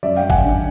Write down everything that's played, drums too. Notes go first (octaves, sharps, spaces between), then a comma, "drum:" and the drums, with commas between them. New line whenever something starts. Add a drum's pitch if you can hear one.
F#2 D5 E5
F5 G5
F#2
F#5 G#5, drum: kick
D3